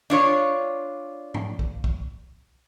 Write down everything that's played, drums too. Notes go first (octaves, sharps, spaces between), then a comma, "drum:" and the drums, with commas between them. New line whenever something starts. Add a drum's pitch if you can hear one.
D4 F4 C#5
drum: tom
drum: kick
drum: kick